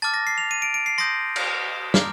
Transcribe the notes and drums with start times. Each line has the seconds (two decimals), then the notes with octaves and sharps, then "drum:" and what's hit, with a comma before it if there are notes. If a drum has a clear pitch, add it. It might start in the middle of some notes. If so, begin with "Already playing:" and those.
0.02 A5 D6 F6 A6
0.14 A#6
0.27 C7
0.38 F7
0.51 D#7
0.62 D7
0.74 D7
0.86 C7
0.98 C6 D#6 G6 A#6
1.36 drum: cymbal
1.94 A#5 D6 F6, drum: snare